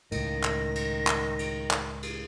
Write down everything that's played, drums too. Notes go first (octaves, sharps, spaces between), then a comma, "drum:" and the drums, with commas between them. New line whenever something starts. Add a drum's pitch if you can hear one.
C#2 A2 D#3 A#6, drum: cymbal
drum: clap
drum: cymbal
drum: clap
drum: cymbal
drum: clap
drum: cymbal